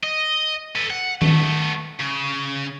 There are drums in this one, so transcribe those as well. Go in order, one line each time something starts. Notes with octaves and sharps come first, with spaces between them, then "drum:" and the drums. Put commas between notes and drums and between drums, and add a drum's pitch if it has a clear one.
D#5
A4 B4
F#5
A3 B3, drum: tom D#3
C#3